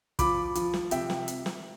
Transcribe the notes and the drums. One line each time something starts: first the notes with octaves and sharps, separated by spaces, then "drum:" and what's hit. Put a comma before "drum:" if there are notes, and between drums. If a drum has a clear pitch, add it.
F3 B5 D6, drum: kick, hi-hat
F3, drum: hi-hat
drum: snare
C3 E5 G5, drum: hi-hat
drum: snare
drum: hi-hat
drum: snare